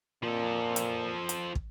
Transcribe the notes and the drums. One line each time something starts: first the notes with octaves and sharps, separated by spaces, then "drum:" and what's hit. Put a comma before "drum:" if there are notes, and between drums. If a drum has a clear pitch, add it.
A#2 F3 A4
drum: hi-hat
drum: hi-hat
drum: kick